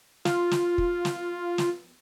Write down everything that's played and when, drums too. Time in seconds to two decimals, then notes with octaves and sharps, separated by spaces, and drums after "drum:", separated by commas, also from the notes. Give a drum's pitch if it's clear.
0.25 F4, drum: snare
0.51 drum: snare
0.78 drum: kick
1.05 drum: snare
1.58 drum: snare